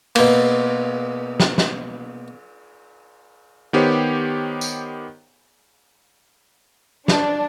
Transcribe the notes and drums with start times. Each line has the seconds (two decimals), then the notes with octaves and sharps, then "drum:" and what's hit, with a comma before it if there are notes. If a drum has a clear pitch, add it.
0.15 B2 A#3, drum: cymbal
1.40 drum: snare
1.58 drum: snare
3.73 D#3 B3 G4 C5 C#5
4.61 drum: tambourine
7.08 D4, drum: snare